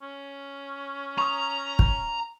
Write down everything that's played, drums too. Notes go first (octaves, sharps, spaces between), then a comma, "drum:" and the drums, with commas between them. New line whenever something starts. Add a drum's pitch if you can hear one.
C#4
A#5 C#6 D#6
drum: kick